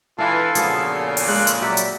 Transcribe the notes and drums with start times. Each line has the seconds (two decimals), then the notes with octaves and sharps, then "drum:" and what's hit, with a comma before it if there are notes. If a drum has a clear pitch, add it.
0.18 E3 D4 F4 A4 F5 A5
0.55 A#2 C#3 F3 B3 F#4 G#4, drum: hi-hat
0.93 A4
1.17 drum: open hi-hat
1.28 G#3 A#3 F5 F#6
1.47 drum: hi-hat
1.62 F#3 F#4 G4 D5 E5
1.77 drum: hi-hat